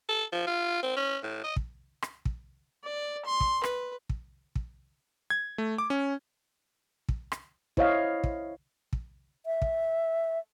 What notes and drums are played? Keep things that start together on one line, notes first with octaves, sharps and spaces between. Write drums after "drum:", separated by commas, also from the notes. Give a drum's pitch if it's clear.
A4
F3
F4
C4
C#4
A2
D#5
drum: kick
drum: rim click
drum: kick
D5
C6
drum: kick
B4, drum: rim click
drum: kick
drum: kick
G#6
A3
D6
C#4
drum: kick
drum: rim click
E4 C5 C#5 D#5 F5, drum: kick
drum: kick
drum: kick
E5
drum: kick